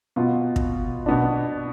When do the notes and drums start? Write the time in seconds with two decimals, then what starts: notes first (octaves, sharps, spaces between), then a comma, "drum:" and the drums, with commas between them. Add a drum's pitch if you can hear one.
0.16 B2 B3 F4
0.56 drum: kick
1.06 B2 B3 D4